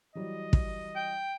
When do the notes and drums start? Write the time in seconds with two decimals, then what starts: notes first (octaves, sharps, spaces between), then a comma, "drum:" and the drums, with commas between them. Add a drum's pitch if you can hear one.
0.15 E3 F#3 G3 D#5
0.53 drum: kick
0.96 G5